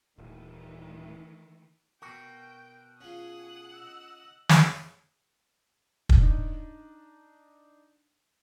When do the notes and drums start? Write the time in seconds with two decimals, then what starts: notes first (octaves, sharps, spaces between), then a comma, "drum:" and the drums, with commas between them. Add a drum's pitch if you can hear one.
0.18 D#1 D#3 E3 A3
2.02 B2 F#4 A#4 G5
3.01 C#4 F4 G#4 F#5 D#6
3.73 D#5 E6
4.49 drum: snare
6.09 drum: kick
6.20 D4 D#4